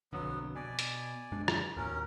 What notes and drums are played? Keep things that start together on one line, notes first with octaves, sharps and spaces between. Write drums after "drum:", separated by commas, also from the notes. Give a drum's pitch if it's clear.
B1 F2 D3 F#3 B3
B2 D5 G#5
drum: hi-hat
F#2 G#3 D4
drum: rim click
D#2 A2 F#3 C#4 A#4